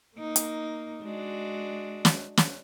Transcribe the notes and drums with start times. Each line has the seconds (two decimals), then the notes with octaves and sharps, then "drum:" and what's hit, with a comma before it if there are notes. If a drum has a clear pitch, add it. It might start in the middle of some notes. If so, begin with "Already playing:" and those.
0.17 A#3 D#4
0.36 drum: hi-hat
1.03 G#3 D4 F#4
2.05 drum: snare
2.37 drum: snare